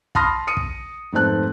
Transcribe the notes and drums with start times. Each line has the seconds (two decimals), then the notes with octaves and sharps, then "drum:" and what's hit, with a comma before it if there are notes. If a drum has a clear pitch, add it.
0.15 A5 B5 C6 D#6 F6 A#6, drum: kick
0.47 D#6 C#7 D#7
0.57 drum: kick
1.13 F1 G#2 A3 C4 A5 F#6